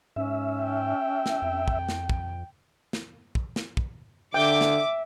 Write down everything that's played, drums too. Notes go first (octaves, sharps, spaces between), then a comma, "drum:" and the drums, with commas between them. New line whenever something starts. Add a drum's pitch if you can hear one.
G#2 C#4 E5
G5
drum: snare
F2
drum: kick
drum: snare
drum: kick
drum: snare
drum: kick
drum: snare
drum: kick
D3 E5 G5 D6
drum: snare